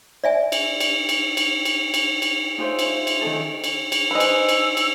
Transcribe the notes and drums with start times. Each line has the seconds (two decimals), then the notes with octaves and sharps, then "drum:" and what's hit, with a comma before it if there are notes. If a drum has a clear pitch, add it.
0.24 D5 E5 G#5
0.52 drum: cymbal
0.80 drum: cymbal
1.09 drum: cymbal
1.37 drum: cymbal
1.65 drum: cymbal
1.94 drum: cymbal
2.22 drum: cymbal
2.58 D#4 F4 G#4 C5 C#5 E5
2.79 drum: cymbal
3.07 drum: cymbal
3.21 D#3 C#4 G#4 A4
3.64 drum: cymbal
3.92 drum: cymbal
4.11 B4 C5 D#5 G#5 E6
4.20 drum: cymbal
4.49 drum: cymbal
4.77 drum: cymbal